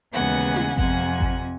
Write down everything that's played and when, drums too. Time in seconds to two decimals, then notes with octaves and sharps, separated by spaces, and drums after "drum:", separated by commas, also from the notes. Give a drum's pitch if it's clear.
0.13 D#2 C#3 E3 G#3 B3 F#5 G#5
0.56 drum: tom E4
0.77 F2 C3 F3 F#5 G#5, drum: kick G#1
1.20 drum: kick G#1